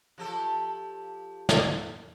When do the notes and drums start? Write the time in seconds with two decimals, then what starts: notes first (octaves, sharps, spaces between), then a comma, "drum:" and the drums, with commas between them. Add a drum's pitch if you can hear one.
0.18 F3 G4 A4
1.49 drum: snare